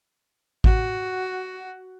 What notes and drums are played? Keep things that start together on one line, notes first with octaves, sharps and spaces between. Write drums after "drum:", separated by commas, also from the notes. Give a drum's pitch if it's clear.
F#4, drum: kick G#1